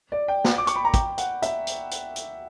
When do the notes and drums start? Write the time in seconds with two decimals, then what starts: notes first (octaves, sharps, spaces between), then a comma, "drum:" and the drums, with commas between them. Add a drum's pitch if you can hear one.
0.12 D5
0.28 G5
0.44 drum: snare
0.58 D6
0.67 C#6, drum: hi-hat
0.76 B5
0.85 A#5
0.94 G5, drum: kick, hi-hat
1.18 F#5, drum: hi-hat
1.42 E5, drum: hi-hat
1.67 drum: hi-hat
1.91 drum: hi-hat
2.16 drum: hi-hat